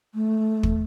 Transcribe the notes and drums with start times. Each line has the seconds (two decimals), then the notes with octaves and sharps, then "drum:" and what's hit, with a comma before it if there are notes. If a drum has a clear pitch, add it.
0.14 A3
0.63 drum: kick